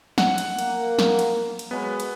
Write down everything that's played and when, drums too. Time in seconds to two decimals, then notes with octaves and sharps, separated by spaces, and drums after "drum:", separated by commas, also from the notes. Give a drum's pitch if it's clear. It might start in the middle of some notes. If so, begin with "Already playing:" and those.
0.18 F#5, drum: snare
0.38 drum: cymbal
0.59 A#3, drum: cymbal
0.99 drum: snare
1.19 drum: cymbal
1.59 drum: cymbal
1.71 F#3 G#3 B3 B4
2.00 drum: cymbal